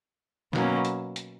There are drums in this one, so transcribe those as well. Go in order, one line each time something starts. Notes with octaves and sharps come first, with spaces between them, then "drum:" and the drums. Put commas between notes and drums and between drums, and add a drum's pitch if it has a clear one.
B2 F#3 A#3 C#4, drum: snare
drum: hi-hat
drum: hi-hat